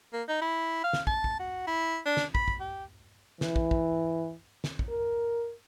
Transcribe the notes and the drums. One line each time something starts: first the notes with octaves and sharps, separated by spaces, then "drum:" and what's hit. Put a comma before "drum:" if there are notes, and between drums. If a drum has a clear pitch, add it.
A#3
D#4
E4
F5
drum: snare
A5, drum: kick
drum: kick
F#4
E4
D4
drum: snare
B5, drum: kick
drum: kick
G4
E3, drum: snare
drum: kick
drum: kick
drum: snare
drum: kick
A#4